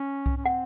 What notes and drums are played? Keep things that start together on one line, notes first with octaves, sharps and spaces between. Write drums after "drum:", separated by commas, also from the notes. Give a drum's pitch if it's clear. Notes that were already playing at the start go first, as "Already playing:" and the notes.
Already playing: C#4
drum: kick C2
C#4
C4 F#5